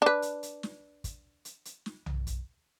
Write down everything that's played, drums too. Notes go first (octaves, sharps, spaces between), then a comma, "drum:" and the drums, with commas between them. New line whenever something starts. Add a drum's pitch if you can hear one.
D4 B4
drum: hi-hat
drum: hi-hat
drum: snare
drum: kick, hi-hat
drum: hi-hat
drum: hi-hat
drum: snare
drum: tom B1
drum: kick, hi-hat